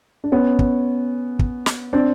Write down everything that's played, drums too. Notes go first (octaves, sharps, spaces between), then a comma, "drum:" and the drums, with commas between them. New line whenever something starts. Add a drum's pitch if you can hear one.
D4
B3 C#4
drum: kick
drum: kick
drum: snare
C4 D4